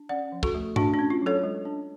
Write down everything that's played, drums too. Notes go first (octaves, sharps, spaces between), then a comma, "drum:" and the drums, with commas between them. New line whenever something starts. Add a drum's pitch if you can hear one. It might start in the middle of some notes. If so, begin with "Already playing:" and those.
Already playing: D4
C#4 D5 F#5
F3
F#4 A4, drum: kick
A3
A3 D4 F#4, drum: tom G#2
D4
C#4
F4
F#3 A4 C#5
G#3
D4